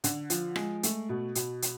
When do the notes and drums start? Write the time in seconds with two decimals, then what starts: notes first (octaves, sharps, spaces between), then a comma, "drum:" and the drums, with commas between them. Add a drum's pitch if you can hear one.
0.04 D3, drum: hi-hat
0.30 F3, drum: hi-hat
0.56 G#3, drum: rim click
0.83 A3, drum: hi-hat
1.09 B2
1.35 B2, drum: hi-hat
1.62 drum: hi-hat